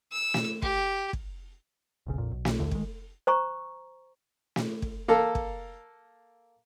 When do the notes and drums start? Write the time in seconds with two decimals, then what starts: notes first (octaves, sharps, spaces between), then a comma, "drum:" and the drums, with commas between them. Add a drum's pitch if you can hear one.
0.12 E6
0.34 drum: snare
0.62 G4, drum: kick
1.13 drum: kick
2.07 E1 B1 C#3
2.18 A#1 F2 A#2
2.32 B1
2.45 drum: snare
2.59 A#1 D#2 D3 A3
2.71 D#3 G#3, drum: kick
3.27 C5 A#5 C#6
4.56 drum: snare
4.82 drum: kick
5.08 A#3 A4
5.35 drum: kick